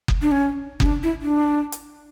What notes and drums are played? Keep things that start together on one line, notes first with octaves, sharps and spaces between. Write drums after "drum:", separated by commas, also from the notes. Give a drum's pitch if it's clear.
drum: kick F#1
D4
C#4
C#4, drum: kick F#1
D4
E4
D4
drum: hi-hat